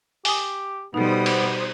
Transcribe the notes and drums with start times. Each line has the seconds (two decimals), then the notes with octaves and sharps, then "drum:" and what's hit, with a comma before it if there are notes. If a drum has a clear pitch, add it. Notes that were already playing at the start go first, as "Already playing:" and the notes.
0.25 G4 G#5 D#6, drum: open hi-hat
0.94 B2 G3 B3 D#4 A4 C5 D#6
1.26 drum: cymbal